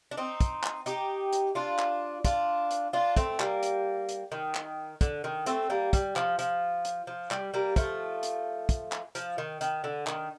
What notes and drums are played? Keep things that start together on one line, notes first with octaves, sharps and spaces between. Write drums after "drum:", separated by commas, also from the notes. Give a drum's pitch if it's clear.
D4
C4 D#4
drum: kick, hi-hat
drum: clap
D#4 G4, drum: hi-hat
drum: hi-hat
D4 F4
drum: clap
D4 F4, drum: kick, hi-hat
drum: hi-hat
D4 F4
A3 C4, drum: kick, hi-hat
G3 A#3, drum: clap
drum: hi-hat
drum: hi-hat
D#3
drum: clap
D3, drum: kick, hi-hat
D#3
A3 C4, drum: hi-hat
G3 A#3
G3, drum: kick, hi-hat
F3, drum: clap
F3, drum: hi-hat
drum: hi-hat
F3
G3, drum: clap
G3 A#3
F3 A3, drum: kick, hi-hat
drum: hi-hat
drum: kick, hi-hat
drum: clap
F3, drum: hi-hat
D#3
D#3, drum: hi-hat
D3
D#3, drum: clap